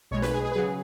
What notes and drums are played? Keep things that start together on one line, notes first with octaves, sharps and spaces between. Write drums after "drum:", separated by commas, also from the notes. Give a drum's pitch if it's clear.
B1 B2 G#3 C#5
B4, drum: snare
G#4
G#4
B4
C#3 F#3 G#4